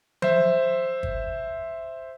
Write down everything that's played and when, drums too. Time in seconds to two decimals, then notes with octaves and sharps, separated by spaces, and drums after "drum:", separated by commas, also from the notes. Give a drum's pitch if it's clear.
0.22 C5 E5, drum: tom F3
1.03 drum: kick